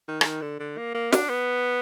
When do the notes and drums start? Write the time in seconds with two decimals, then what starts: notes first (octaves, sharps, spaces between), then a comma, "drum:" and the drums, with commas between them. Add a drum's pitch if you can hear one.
0.08 D#3
0.21 D3, drum: rim click
0.25 D#3
0.42 D3
0.60 D3
0.77 A#3
0.94 A#3
1.13 D4, drum: snare
1.29 B3